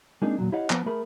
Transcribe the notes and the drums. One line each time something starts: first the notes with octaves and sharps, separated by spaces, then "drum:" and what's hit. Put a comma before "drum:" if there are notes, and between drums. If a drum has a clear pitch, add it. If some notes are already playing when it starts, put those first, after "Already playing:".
G#3 A#3 C4 D4 D#4 G#4
E2 A#2 F#3
E4 G4 C#5 D#5 F5 F#5
F3 B3 B4, drum: clap
A3 G#4 A#4 B5